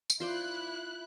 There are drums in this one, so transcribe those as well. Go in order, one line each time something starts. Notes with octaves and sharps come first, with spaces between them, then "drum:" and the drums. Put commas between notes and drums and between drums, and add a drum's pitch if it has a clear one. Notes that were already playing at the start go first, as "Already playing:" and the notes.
drum: tambourine
E4 F4 C5 D5 F#6